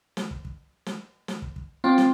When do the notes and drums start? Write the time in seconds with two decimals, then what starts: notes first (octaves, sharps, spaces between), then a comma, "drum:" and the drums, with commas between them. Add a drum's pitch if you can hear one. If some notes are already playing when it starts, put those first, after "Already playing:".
0.17 drum: snare
0.31 drum: kick
0.45 drum: kick
0.86 drum: snare
1.28 drum: snare
1.42 drum: kick
1.56 drum: kick
1.84 C4 F4 G5 D6
1.98 drum: snare